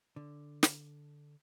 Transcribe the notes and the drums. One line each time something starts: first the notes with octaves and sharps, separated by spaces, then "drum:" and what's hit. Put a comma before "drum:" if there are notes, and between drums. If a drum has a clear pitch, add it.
D3
drum: snare